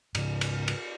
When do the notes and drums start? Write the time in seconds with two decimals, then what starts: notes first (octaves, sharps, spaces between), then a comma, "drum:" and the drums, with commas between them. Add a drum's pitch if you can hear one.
0.15 G#2 C#3, drum: cymbal
0.41 drum: cymbal
0.68 drum: cymbal